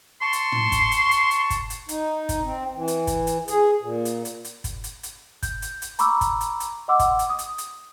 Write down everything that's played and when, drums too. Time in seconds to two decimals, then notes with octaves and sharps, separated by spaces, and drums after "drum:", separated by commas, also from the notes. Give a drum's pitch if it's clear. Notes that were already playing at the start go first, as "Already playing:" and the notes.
0.22 A5 C6 C#6
0.33 drum: hi-hat
0.52 drum: tom
0.72 drum: kick G1, hi-hat
0.92 drum: hi-hat
1.11 drum: hi-hat
1.31 drum: hi-hat
1.50 drum: kick G1, hi-hat
1.70 drum: hi-hat
1.89 D#4, drum: hi-hat
2.29 drum: kick G1, hi-hat
2.43 C4
2.75 E3
2.88 drum: hi-hat
3.07 drum: kick G1, hi-hat
3.27 drum: hi-hat
3.48 G#4, drum: hi-hat
3.82 A#2
4.05 drum: hi-hat
4.25 drum: hi-hat
4.44 drum: hi-hat
4.64 drum: kick G1, hi-hat
4.84 drum: hi-hat
5.03 drum: hi-hat
5.43 G6, drum: kick G1, hi-hat
5.62 drum: hi-hat
5.82 drum: hi-hat
5.99 A#5 B5 C#6 D6 E6, drum: hi-hat
6.21 drum: kick G1, hi-hat
6.41 drum: hi-hat
6.60 drum: hi-hat
6.88 D#5 F#5 C6 D6 E6
6.99 drum: kick G1, hi-hat
7.19 drum: hi-hat
7.30 D#6
7.39 drum: hi-hat
7.58 drum: hi-hat